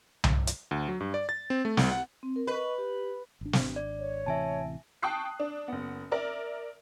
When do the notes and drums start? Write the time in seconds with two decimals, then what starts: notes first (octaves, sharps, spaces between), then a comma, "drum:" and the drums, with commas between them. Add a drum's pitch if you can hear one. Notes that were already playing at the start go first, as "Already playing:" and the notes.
0.24 drum: tom C2
0.47 drum: hi-hat
0.71 D2
0.88 F#3
1.00 G2
1.14 D5
1.29 A6
1.50 C4
1.65 A3
1.77 C2, drum: snare
1.91 F#5
2.23 C4
2.36 A#4
2.47 B4 D#5 C#6
2.78 G4
3.41 G#1 D4
3.53 drum: snare
3.76 D5
3.99 C#5
4.26 A1 C3 E3 E5 G#5 A5
5.03 G5 A5 C#6 D#6 F#6 C7
5.40 D4
5.68 F#1 B3
6.11 A#4 D5 E5